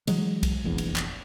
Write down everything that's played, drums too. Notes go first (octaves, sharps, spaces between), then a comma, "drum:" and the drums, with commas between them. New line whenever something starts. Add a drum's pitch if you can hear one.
E3 F#3 G#3, drum: cymbal
drum: kick, cymbal
F1 A#1 E2
drum: cymbal
drum: clap